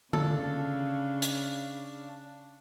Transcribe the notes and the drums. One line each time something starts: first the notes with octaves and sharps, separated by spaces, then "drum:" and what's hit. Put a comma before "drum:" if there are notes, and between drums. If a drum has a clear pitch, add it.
C#3 D4 A4 F5, drum: tom D3
drum: hi-hat